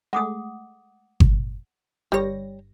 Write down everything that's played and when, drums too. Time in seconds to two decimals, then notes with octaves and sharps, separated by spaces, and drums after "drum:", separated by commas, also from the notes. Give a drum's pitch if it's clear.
0.13 G#3 A3 F#5 D6 D#6
1.20 drum: kick G1
2.12 G1 G2 G3 C#5 A#6